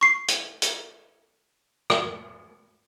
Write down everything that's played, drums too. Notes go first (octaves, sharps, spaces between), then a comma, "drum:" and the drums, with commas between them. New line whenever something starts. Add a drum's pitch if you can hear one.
C#6 C7
drum: hi-hat
drum: hi-hat
drum: rim click